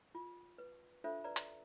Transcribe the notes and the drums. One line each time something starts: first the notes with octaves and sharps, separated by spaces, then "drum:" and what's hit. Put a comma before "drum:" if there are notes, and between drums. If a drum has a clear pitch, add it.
F4
B4
D4 F4 A4 C5 E5
B4 D5 A#5
drum: hi-hat